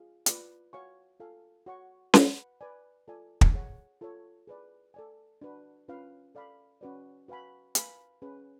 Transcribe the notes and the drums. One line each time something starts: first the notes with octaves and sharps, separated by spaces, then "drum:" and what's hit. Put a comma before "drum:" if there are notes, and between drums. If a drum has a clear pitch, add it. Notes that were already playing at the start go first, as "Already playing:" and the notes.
Already playing: F4 G#4 F5
F4 B4 D5, drum: hi-hat
F#4 C#5 F5 G#5 C#6
F4 A4 F5 G#5
F#4 C#5 F#5 C#6
B4 F#5 B5, drum: snare C#4
B4 D5 G#5
F4 A4 D5 G#5
drum: kick
G#4 C#5 F#5
F4 A4 C#5
G#4 B4 D5
A4 D5 G#5
D4 F#4 B4
C#4 F4 B4 F5
A4 D5 F5 B5
C#4 F#4 B4 D5
F#4 B4 F5 G#5 B5
B4 F5 G#5 B5, drum: hi-hat
C#4 G#4 B4